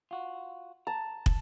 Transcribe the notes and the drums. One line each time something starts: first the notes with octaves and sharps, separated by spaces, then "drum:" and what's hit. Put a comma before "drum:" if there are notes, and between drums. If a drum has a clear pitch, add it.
F4 F#4
A5 A#5
drum: kick